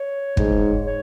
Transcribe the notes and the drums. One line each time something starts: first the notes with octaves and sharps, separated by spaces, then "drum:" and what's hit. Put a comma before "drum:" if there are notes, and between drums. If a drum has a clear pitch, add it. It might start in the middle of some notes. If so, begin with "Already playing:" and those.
Already playing: C#5
G#2, drum: kick
C#5